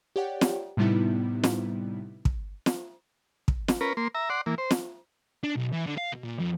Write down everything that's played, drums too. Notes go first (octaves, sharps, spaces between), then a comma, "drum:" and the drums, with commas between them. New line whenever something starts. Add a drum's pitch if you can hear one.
G4 C#5 D5 F#5 G5
drum: snare
A2 C3 G3 B3 D#4 E4
drum: snare
drum: kick
drum: snare
drum: kick
drum: snare
C#4 A#4 B4
A#3 C6
E5 A#5
D5 F#5 C6
E3 A#3
C5
drum: snare
D4
B1
E3
D3
F5
B2
A#2
F2